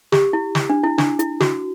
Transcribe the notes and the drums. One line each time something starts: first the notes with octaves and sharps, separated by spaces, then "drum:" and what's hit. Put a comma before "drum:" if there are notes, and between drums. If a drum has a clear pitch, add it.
G4, drum: snare
E4
drum: snare
D4
E4
D4, drum: snare
E4, drum: hi-hat
F#4, drum: snare